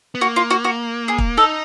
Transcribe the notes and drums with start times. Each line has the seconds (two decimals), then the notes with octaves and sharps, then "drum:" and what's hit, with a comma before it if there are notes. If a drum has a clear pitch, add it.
0.15 B3
0.21 A#3 F#4
0.36 F4
0.50 F#4
0.64 F#4
1.08 G#4
1.18 drum: kick
1.37 D#4 A4